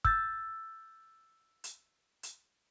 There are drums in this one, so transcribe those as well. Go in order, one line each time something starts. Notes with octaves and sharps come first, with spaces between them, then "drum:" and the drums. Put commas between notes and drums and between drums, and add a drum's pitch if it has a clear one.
E6 G6 A6, drum: kick
drum: hi-hat
drum: hi-hat